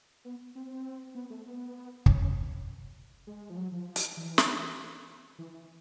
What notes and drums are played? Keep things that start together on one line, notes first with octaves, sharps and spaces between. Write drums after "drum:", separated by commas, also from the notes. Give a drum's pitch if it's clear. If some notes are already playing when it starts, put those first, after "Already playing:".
B3
C4
B3
A3
B3
C#4, drum: kick
G#3
F3
F#3
F3
drum: hi-hat
E3
drum: snare
E3
E3